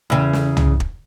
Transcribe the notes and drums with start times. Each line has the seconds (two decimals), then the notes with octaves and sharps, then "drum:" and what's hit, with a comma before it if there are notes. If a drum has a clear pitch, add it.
0.10 E2 C#3
0.33 drum: snare
0.57 drum: tom
0.80 drum: kick